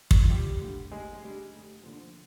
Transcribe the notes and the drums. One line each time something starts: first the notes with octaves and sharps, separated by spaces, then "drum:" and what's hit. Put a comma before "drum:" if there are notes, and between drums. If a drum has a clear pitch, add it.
drum: kick
F4
D#2 G3 G4
D3 G3
D#2 G#3 G#4
D3 G3
F1
D#2 D3 F3